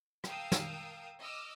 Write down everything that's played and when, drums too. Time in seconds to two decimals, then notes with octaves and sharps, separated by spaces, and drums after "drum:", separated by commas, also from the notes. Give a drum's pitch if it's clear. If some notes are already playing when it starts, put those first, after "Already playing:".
0.24 A#4 F5 G5 A5 D#6 E6, drum: rim click
0.52 drum: snare
1.20 D#5 D6 E6 F6